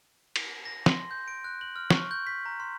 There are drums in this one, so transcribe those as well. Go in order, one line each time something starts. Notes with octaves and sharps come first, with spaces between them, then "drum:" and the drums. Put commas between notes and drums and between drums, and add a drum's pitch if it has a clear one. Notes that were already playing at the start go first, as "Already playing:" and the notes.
drum: cymbal
A#6
C6, drum: snare
G6
D7
F#6
F#7
F6
C#6, drum: snare
G6
B6
A#5
C6